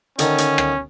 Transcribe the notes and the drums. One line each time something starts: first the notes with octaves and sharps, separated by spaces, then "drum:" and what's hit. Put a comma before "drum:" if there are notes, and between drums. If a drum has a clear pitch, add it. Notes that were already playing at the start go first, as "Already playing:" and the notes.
D3 D#3 C#4, drum: hi-hat
drum: hi-hat
drum: rim click